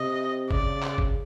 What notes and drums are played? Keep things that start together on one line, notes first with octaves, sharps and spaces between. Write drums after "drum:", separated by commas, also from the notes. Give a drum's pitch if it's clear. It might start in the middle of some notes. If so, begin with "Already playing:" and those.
Already playing: C3 D#5
C#3 D5, drum: kick G1
drum: clap
drum: kick G1